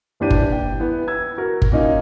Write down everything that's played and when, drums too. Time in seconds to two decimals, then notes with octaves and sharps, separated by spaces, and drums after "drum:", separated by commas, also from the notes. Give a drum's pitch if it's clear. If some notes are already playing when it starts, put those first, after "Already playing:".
0.20 D#1 D#2 E3 D4 G4 D#7
0.30 drum: kick G1
0.52 G5
0.80 E3 B3
1.08 E6 G#6
1.38 F#4 A#4
1.62 drum: kick G1
1.72 A#3 C#4 D#4 F4